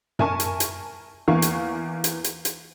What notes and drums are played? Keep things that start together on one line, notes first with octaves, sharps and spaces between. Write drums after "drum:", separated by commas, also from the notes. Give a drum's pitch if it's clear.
A#4 E5 G#5 A5 C#6, drum: tom F#2
drum: hi-hat
drum: hi-hat
E2 E3 A#3 E4 F5 C#6
drum: hi-hat
drum: hi-hat
drum: hi-hat
drum: hi-hat